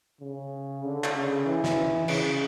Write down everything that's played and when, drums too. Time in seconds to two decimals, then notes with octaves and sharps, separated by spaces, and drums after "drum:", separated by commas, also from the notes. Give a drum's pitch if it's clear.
0.20 C#3
0.83 D3
1.04 drum: clap
1.15 C#3
1.46 E3
1.64 drum: snare
2.08 C#3, drum: cymbal